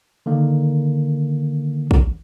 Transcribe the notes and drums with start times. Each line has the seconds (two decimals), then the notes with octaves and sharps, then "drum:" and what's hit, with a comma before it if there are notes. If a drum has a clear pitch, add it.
0.26 D3 D#3 A#3
1.91 drum: kick